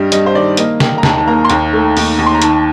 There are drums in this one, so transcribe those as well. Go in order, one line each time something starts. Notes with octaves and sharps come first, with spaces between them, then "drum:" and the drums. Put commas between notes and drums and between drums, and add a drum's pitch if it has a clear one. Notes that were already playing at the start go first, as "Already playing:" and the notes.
Already playing: G2 G3 D#5
G3 D#5, drum: hi-hat
C5
D#3 D5
A#3 D#5, drum: hi-hat
A#3 G5, drum: snare
A#5
D#2 A5, drum: snare
A5
A#3 A#5
C6
D#2 A#5, drum: hi-hat
A3
D#2, drum: open hi-hat
D#2
C6
A#5
D#3 A5, drum: hi-hat